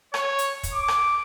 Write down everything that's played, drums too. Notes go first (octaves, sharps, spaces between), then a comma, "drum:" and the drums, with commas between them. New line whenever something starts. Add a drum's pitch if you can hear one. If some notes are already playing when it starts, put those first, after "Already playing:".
C#5, drum: rim click
drum: hi-hat
drum: kick, hi-hat
D6
drum: rim click